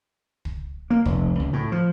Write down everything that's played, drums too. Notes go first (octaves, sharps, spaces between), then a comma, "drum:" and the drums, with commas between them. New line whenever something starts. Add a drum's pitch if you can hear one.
drum: kick
A#3
F1, drum: kick
C#2
A2
F3